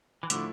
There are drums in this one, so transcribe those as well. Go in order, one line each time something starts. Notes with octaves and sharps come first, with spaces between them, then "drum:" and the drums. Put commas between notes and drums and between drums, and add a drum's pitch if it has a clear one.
E3
A2 D3 F3 A3 E4, drum: hi-hat